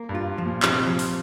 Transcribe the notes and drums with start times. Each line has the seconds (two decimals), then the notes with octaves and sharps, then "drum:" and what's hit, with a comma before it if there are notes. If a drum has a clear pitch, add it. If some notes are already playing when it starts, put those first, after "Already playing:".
Already playing: A#3
0.09 G2
0.15 F4
0.38 F3
0.45 A#2
0.62 C3 F3, drum: clap
0.87 F3
0.99 drum: open hi-hat